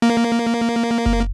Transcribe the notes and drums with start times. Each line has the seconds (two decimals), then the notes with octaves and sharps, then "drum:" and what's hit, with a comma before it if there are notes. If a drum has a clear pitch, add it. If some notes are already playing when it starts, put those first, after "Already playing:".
0.02 A#3
1.06 drum: kick F#1